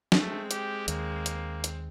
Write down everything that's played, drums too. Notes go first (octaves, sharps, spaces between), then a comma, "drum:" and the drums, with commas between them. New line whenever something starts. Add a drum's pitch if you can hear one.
drum: snare
G#3 A3 C4
G4, drum: hi-hat
D#2 A#3, drum: hi-hat
drum: hi-hat
drum: hi-hat